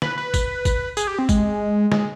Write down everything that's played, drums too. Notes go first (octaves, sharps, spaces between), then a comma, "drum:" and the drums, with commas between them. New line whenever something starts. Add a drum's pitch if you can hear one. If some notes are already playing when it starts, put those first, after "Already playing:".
B4, drum: snare
B4
drum: kick, tambourine
drum: kick, tambourine
G#4, drum: tambourine
G4
C4
G#3, drum: kick, tambourine
G#3, drum: snare